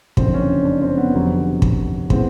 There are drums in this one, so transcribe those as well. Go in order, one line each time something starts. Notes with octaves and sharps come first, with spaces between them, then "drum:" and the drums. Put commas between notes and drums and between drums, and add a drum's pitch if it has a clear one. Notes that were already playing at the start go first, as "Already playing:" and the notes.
F#1 F2 D3 C4, drum: kick
C#4
D4
C4
B3
F1 F2 D3 F#3 B3
drum: kick
E3 G#3 B3 C4, drum: kick